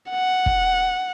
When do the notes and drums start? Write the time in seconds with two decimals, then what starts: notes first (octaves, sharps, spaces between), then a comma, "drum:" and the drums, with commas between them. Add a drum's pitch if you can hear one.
0.10 F#5
0.46 drum: kick